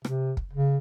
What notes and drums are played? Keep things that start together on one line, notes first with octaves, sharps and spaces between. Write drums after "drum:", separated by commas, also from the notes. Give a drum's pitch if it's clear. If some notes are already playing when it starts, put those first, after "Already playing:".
C3, drum: rim click
drum: kick
C#3